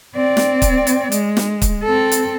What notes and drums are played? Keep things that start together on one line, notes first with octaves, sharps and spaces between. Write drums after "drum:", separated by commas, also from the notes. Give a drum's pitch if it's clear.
C4 D5
drum: snare
drum: kick, hi-hat
drum: hi-hat
G#3, drum: hi-hat
drum: snare
drum: kick, hi-hat
C4 A4
drum: hi-hat